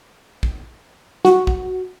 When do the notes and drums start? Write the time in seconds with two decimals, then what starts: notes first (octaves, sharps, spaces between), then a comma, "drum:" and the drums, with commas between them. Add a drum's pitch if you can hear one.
0.43 drum: kick
1.25 F#4, drum: snare
1.47 drum: kick